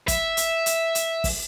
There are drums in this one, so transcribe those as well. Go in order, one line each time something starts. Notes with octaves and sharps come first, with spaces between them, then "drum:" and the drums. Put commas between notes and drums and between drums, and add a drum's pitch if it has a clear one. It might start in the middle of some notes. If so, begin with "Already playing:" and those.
E5, drum: kick G1, hi-hat
drum: hi-hat
drum: hi-hat
drum: hi-hat
drum: kick G1, open hi-hat